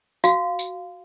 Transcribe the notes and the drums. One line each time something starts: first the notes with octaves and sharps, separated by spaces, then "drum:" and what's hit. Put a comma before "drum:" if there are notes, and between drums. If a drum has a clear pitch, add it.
F#4 F5, drum: tambourine
drum: tambourine